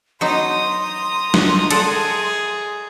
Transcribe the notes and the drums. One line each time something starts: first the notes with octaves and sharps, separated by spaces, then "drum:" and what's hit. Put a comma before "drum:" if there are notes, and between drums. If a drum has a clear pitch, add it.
F#3 B3 D#4 A#5 C6 D#6
drum: snare
G#4 A4 D5 F#5, drum: cymbal